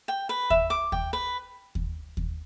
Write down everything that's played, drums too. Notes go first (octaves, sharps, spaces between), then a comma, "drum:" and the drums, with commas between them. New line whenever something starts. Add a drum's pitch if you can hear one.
G5
B4
E5, drum: kick D#2
D6
G5, drum: kick D#2
B4
drum: kick D#2
drum: kick D#2